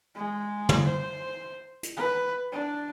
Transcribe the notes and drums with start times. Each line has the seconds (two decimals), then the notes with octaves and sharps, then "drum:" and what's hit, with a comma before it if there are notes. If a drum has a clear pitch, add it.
0.15 G#3
0.69 drum: tom
0.85 C5
1.83 drum: hi-hat
1.97 B4
2.52 D4